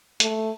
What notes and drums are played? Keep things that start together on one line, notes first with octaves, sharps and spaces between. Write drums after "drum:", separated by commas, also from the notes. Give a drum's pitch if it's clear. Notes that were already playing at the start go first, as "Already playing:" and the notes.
A3, drum: hi-hat